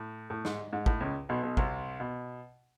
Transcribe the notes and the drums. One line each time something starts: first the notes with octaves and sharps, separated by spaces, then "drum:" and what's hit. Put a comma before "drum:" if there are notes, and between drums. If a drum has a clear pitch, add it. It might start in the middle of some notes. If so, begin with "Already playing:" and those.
Already playing: A2
A2
G#2, drum: snare
G#2
A2, drum: kick G#1
C#2 C#3
B1 B2
B1 B2
C2 C3, drum: kick G#1
B2